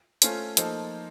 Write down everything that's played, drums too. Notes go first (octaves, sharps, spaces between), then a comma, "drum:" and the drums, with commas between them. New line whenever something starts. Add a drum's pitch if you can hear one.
A3 C#4 F4 A4 C5, drum: hi-hat
F3 A#3 D#4 A4 C5, drum: hi-hat